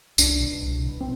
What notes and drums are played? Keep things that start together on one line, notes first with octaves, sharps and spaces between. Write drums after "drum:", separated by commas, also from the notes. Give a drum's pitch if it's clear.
C2 D4, drum: tambourine
B2
C2
B2
C4